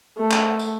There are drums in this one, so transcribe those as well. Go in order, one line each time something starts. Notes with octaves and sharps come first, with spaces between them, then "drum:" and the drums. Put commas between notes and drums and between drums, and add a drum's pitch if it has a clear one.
A3
drum: clap
drum: tambourine